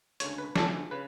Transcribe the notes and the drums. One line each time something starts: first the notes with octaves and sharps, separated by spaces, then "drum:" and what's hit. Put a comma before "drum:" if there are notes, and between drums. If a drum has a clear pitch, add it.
D2 C#3 G#3 C#5, drum: hi-hat
B4
D2 C#3 G#3 A4, drum: snare
C#3 B4